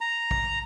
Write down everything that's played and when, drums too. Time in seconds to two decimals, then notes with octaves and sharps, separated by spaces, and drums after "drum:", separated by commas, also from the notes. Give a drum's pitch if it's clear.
0.01 A#5
0.31 drum: kick